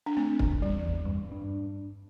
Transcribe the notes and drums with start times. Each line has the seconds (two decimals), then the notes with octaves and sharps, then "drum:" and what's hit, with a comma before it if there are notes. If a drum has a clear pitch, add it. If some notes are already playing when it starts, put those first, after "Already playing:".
0.06 D4
0.17 A3 C4
0.39 E2, drum: kick
0.62 E2 G3
0.85 E2
1.09 G2
1.32 D4